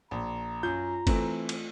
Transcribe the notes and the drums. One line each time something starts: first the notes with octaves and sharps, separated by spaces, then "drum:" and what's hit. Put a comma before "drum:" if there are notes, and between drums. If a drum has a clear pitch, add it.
A#1 A#5
F#2 F4 G6
E3 A3 C4, drum: kick G1, cymbal
drum: cymbal